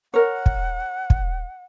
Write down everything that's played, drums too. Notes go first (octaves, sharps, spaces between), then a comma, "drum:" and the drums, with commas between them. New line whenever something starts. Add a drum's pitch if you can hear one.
A#4 C#5 F#5
drum: kick
drum: kick